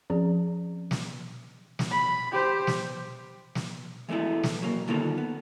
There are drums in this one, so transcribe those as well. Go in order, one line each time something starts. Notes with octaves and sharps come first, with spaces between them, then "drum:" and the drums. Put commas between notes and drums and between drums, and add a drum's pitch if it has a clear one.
F3 C4 C#4 G#4 D5
drum: snare
drum: snare
B5
G4 C5
drum: snare
drum: snare
E3 G#3 A3 B3 E4
drum: snare
F#3 A#3
D3 D#3 A#3 B3 F4 A4
B3